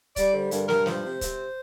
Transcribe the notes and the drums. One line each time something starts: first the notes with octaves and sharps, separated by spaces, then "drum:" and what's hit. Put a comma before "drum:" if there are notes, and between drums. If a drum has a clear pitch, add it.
G3 D5, drum: kick, hi-hat
D3 C5
G2 A#4, drum: hi-hat
G2 A#4, drum: snare
F3 C5, drum: snare
C3
C3, drum: kick, hi-hat